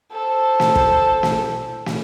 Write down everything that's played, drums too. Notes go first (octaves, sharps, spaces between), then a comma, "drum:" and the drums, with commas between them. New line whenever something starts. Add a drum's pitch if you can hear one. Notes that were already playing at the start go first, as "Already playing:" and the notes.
A4 C5
drum: snare
drum: kick
drum: snare
drum: snare